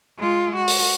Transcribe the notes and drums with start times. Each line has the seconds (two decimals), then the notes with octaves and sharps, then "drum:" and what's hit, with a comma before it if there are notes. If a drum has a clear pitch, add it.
0.18 G#3 F4
0.57 F#4
0.68 drum: open hi-hat